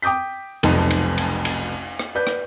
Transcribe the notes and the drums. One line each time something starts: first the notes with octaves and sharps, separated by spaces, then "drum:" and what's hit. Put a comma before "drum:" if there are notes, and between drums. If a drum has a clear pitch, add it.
G5 D6 D#6 G6 B6
F1 B1 F2 C3 A5, drum: cymbal
drum: cymbal
drum: cymbal
drum: cymbal
drum: rim click
B4 D5 G6
drum: rim click